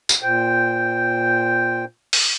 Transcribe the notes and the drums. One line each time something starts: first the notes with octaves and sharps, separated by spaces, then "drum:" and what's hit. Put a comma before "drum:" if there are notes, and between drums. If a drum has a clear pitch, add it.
drum: tambourine
A#2 C5 G5
drum: open hi-hat